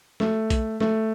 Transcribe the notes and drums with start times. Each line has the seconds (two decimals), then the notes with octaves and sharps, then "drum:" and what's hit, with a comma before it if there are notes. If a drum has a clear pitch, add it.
0.20 A3, drum: snare
0.50 drum: kick A#1, hi-hat
0.80 A3, drum: snare